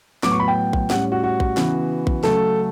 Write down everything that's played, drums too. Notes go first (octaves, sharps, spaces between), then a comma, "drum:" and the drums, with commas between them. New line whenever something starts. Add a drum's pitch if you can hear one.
A2 F#3 B3 D6, drum: snare
C#6
B5
G5
drum: kick A#1
A2 G3 C#4 F#5, drum: snare
F#4
F#4
drum: kick A#1
C#3 E3 B3, drum: snare
drum: kick A#1
C#3 F#3 A3 C#4 A4, drum: snare